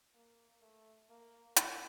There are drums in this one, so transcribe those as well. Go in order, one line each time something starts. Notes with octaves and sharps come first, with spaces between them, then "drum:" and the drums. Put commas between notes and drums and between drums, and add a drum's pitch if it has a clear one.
A#3
A3
A#3
A#3, drum: hi-hat